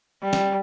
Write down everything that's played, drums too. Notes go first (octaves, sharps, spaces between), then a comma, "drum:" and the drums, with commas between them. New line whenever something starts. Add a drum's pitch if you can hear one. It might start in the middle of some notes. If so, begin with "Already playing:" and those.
G3
drum: snare